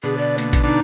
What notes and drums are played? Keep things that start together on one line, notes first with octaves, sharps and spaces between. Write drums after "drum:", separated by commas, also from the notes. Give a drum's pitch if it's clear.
B2 D3 G#4
D5
A#3, drum: hi-hat
drum: kick A1, hi-hat
B2 D3 D4 D#4